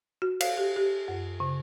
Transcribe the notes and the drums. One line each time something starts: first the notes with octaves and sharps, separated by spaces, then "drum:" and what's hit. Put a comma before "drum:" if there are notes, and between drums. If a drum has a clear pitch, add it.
F#4
F5, drum: cymbal
G4
G4
F#2
C#3